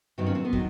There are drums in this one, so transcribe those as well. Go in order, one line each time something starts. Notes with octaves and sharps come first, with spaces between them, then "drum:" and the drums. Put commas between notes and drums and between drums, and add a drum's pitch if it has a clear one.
G2 D#3 F#3 C4
C#4
C4
B3
D#3 F#3, drum: kick